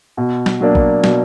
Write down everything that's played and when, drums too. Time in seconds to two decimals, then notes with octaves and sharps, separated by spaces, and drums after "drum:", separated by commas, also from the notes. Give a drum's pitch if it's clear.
0.17 B2
0.46 drum: snare
0.61 F#3 A#3 D4
0.75 drum: kick
1.04 B2, drum: snare